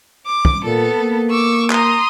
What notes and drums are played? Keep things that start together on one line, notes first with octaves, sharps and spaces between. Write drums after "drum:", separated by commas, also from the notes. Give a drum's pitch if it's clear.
D6
drum: kick
A#2 B3 A4
A#3
C#6 D6 E6
A#5 C6 D#6, drum: clap